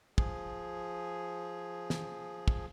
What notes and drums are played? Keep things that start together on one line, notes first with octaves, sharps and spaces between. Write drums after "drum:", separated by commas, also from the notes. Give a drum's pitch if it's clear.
F3 G#4, drum: kick
drum: snare
drum: kick